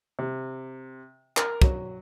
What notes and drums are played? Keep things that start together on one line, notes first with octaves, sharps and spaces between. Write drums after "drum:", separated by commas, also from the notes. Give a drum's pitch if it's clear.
C3
A#4, drum: clap
F#3, drum: kick